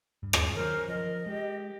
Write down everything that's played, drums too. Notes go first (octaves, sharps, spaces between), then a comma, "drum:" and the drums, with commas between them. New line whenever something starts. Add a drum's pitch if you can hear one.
G2
drum: rim click
D#3 F#3 C#4 A#4 C5
F3 A#4 D#5
G#3 G4